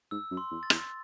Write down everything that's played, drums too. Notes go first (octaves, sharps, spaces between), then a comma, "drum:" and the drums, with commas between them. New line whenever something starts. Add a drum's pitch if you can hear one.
G#2 E6
F#2
C6
E2
A6
E2, drum: rim click